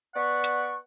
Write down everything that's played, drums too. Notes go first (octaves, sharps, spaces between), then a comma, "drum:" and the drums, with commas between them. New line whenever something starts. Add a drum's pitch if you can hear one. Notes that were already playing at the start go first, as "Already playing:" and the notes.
B3 D5 F#5 C#6
drum: hi-hat